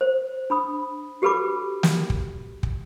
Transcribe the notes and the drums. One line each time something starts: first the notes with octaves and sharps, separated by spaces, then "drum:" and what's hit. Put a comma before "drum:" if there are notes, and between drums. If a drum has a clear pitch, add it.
C5
D4 B5 D#6
F#4 G4 A4 B4 B5 D6
drum: snare
drum: kick
drum: kick